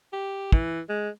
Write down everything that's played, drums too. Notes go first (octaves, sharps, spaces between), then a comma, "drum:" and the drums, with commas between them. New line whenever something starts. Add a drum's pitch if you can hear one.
G4
E3, drum: kick
G#3